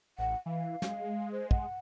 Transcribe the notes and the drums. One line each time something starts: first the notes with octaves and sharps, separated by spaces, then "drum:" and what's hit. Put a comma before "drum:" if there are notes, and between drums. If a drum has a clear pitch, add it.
A1 F#5
E3 F5
G#3, drum: snare
C5
F#5, drum: kick